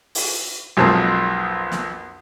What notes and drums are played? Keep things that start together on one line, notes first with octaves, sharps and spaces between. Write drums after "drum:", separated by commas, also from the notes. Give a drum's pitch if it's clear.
drum: open hi-hat
B1 F2 G#3 A#3 C4 A5
drum: snare